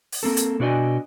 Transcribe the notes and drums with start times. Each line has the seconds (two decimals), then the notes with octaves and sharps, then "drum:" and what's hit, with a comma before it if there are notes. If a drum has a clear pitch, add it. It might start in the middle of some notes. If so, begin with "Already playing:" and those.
0.12 drum: open hi-hat
0.23 A#3 C4 A4
0.37 drum: hi-hat
0.60 B2 D4 F#4 D5 D#5 G#5